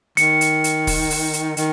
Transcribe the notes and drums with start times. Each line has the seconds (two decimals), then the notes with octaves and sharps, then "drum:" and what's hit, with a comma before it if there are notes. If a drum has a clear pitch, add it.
0.17 D#3 C#7, drum: hi-hat
0.41 drum: hi-hat
0.64 drum: hi-hat
0.87 drum: kick, open hi-hat
1.10 drum: open hi-hat
1.33 drum: hi-hat
1.57 D#3, drum: hi-hat